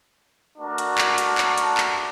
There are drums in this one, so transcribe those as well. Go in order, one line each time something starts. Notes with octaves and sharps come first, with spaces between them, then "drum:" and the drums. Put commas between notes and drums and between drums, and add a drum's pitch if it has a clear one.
A3 D4 F#4 A#4 A5
drum: hi-hat
drum: clap
drum: hi-hat
drum: clap
drum: hi-hat
drum: clap